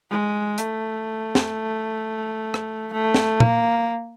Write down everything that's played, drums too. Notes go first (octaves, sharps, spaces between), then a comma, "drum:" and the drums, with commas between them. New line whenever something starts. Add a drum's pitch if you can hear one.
G#3
A3, drum: hi-hat
drum: snare
drum: rim click
A3
drum: snare
A#3, drum: tom